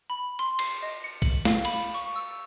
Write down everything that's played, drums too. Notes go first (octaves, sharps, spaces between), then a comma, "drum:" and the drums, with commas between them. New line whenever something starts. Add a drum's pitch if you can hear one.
B5
C6
C7, drum: cymbal
D#5
C#7
F#7, drum: kick A#1, cymbal
F5, drum: snare
B5, drum: cymbal
C#6
E6